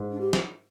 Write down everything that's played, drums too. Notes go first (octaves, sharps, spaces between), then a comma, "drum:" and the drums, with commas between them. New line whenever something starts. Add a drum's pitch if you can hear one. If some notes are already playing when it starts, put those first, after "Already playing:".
Already playing: G#2
D4
G4
drum: snare